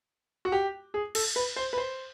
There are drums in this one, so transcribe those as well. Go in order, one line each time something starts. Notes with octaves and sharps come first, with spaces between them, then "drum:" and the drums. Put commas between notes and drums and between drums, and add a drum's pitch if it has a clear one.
F#4
G4
G#4
A4, drum: cymbal
B4
C5
B4
C5